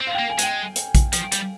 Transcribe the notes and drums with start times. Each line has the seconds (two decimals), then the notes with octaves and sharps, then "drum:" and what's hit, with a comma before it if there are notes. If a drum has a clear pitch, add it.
0.01 C4
0.07 F5
0.15 A#3 G5
0.30 G#5
0.39 G#3 G5, drum: hi-hat
0.76 drum: hi-hat
0.95 drum: kick A#1, hi-hat
1.13 F3, drum: hi-hat
1.32 G3, drum: hi-hat